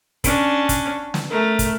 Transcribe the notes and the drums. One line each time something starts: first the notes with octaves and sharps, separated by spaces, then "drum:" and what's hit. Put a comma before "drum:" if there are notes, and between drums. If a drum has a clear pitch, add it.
C#4 D4, drum: kick, hi-hat
drum: kick, hi-hat
drum: snare
A3 A#4
drum: kick, hi-hat